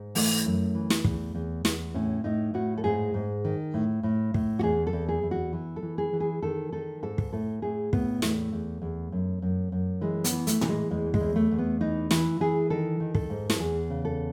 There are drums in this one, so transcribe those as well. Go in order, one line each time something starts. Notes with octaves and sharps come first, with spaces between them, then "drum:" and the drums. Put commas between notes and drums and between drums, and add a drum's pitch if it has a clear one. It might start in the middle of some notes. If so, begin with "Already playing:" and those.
Already playing: G#2
E3 A3, drum: open hi-hat
F#2
E3
drum: snare
E2, drum: kick
E2
E2, drum: snare
A2 C#4
A2 D#4
A2 F#4
A4
G#2 G#4
G#2
D#3
A2
A2
A2, drum: kick
F#4
E2 G#4
A4
E2
G#4
E2
F#4
E3
A4
E3
G#4
E3
G#4
D#3 A4
D#3 A4
G#2 A4
drum: kick
A2 A4
A2 G#4
A2 B3, drum: kick
E2 A3, drum: snare
E2
E2
F#2
F#2
F#2
E3 G#3
B3, drum: hi-hat
E3
A3, drum: hi-hat
E3, drum: tom A2
G#3
E2 G#3
G#3, drum: kick
E2
A3
E2
B3
E3 D#4
E3 E4, drum: snare
E3 G#4
D#3 A4
D#3
A4, drum: kick
G#2
A4, drum: snare
E2 G#4
C#3
A4